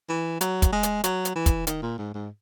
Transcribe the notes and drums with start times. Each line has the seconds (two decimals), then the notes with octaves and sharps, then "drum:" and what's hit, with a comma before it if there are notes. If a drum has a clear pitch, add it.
0.09 E3
0.41 F#3, drum: hi-hat
0.62 drum: kick, hi-hat
0.73 G#3
0.83 drum: hi-hat
1.04 F#3, drum: hi-hat
1.25 drum: hi-hat
1.36 E3
1.46 drum: kick, hi-hat
1.67 D#3, drum: hi-hat
1.82 A#2
1.98 G#2
2.14 G#2